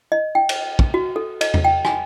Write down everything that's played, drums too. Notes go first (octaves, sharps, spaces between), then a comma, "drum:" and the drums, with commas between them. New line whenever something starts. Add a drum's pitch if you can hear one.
D#5
G5
drum: cymbal
drum: kick
F#4
A4
D#5, drum: cymbal
drum: tom E2
G5
G#5, drum: rim click